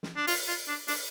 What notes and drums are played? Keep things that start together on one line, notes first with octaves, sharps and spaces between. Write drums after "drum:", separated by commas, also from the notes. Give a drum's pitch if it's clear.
drum: snare
D4
F4, drum: open hi-hat
F4
D4
D4, drum: open hi-hat